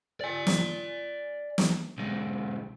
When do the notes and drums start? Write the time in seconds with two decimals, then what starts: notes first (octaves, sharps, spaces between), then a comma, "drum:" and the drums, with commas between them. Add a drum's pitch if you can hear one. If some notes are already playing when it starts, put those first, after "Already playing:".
0.21 D5 G#5
0.47 drum: snare
1.58 drum: snare
1.98 B1 G#3